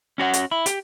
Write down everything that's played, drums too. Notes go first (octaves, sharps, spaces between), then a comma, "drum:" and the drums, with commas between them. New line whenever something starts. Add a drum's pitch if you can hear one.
C#4 F#4 C#5 F#5
drum: hi-hat
E4
G4, drum: hi-hat